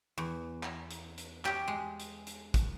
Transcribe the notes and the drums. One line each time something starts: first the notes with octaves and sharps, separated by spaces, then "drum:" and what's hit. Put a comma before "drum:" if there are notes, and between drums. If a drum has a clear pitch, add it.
E2
drum: clap
drum: hi-hat
drum: hi-hat
G4, drum: clap
G#3
drum: hi-hat
drum: hi-hat
drum: kick, hi-hat